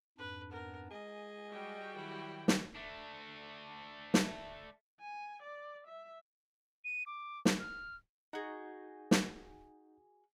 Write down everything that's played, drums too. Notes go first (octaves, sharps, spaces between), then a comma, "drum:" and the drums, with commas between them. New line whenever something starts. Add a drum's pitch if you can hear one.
F2 G#2 D4 B4
B3 A#4
G#3 G#4 D#5 G#5
G3 F#4 G5
D#3 F#3 E4
drum: snare
A3 D4
drum: snare
G#5
D5
E5
D#7
D6
drum: snare
F6
D#4 F#4 G#4 F#5 G6
drum: snare